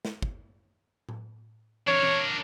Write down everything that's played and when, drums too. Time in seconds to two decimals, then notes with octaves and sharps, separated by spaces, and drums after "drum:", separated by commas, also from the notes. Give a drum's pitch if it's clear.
0.05 drum: snare
0.22 drum: kick
1.09 drum: tom A2
1.88 D4 A#4 C#5, drum: tom
2.02 drum: tom